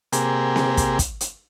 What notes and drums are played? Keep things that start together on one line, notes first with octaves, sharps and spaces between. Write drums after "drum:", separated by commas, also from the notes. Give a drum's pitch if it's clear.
C3 A#3 G4 G#4, drum: hi-hat
drum: snare C4
drum: kick, hi-hat
drum: kick, hi-hat
drum: hi-hat